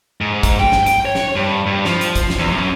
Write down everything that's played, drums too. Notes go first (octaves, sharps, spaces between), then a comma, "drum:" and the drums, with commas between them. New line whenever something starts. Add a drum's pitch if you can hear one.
G#2
drum: kick, hi-hat
G5, drum: tom G2
drum: snare
G5, drum: hi-hat
C#5
drum: snare
G2
G2
F3, drum: snare
drum: hi-hat
drum: kick, hi-hat
drum: snare
E2
F#2